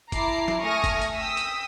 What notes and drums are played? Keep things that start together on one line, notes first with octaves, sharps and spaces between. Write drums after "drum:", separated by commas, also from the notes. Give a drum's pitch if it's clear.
E4 A5 A#5 D6 C7, drum: kick F1, hi-hat
drum: snare
A3 G#5 C#6 D#6 F6 A#6
drum: kick F1, hi-hat
drum: hi-hat
G5 D#6 E6 B6
drum: hi-hat